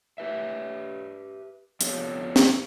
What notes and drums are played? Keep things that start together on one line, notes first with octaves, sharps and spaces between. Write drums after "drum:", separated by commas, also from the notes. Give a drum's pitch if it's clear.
G4 B4 E5
F2 F3 B3 G4 A4 C#5, drum: hi-hat
drum: snare